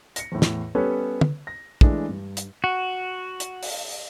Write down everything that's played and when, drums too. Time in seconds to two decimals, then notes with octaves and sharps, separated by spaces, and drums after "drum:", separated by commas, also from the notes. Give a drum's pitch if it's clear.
0.16 A#6 C#7, drum: hi-hat
0.32 E2 A2
0.42 drum: snare
0.75 G3 B3 C#4 A4 B4 C#5
1.21 drum: tom
1.47 A#6
1.81 E3 G#3 A3 D4, drum: kick
2.09 G2
2.37 drum: hi-hat
2.64 F#4
3.40 drum: hi-hat
3.63 drum: open hi-hat